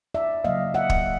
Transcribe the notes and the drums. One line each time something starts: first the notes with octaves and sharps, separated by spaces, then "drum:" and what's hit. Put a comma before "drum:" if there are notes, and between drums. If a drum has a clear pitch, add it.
D5 E5
C#3 F#3 A#3 D#5 F5
E5 F#5
drum: kick